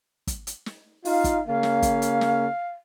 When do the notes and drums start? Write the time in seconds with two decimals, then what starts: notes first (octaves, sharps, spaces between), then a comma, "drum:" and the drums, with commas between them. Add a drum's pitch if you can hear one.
0.27 drum: kick, hi-hat
0.47 drum: hi-hat
0.66 drum: snare
1.05 D#4 F4 F5, drum: open hi-hat
1.24 drum: kick, hi-hat
1.47 C#3 A#3 C#4 F5
1.63 drum: snare
1.82 drum: kick, hi-hat
2.02 drum: hi-hat
2.21 drum: snare